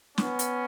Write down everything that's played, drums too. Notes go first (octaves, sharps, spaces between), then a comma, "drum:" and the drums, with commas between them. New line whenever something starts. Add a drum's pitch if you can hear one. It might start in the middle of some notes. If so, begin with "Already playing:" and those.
B3 C#4, drum: snare
drum: hi-hat